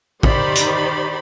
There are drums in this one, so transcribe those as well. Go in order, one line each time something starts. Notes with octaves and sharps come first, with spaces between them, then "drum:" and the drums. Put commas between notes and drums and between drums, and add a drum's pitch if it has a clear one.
D#3 D#4 G4 C5 D5 B5, drum: kick
drum: hi-hat